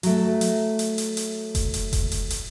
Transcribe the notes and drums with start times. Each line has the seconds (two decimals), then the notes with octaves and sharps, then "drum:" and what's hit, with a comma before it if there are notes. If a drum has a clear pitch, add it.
0.03 F#3 A3, drum: hi-hat
0.41 drum: hi-hat
0.79 drum: hi-hat
0.98 drum: hi-hat
1.17 drum: hi-hat
1.55 drum: kick F1, hi-hat
1.74 drum: hi-hat
1.93 drum: kick F1, hi-hat
2.12 drum: hi-hat
2.30 drum: hi-hat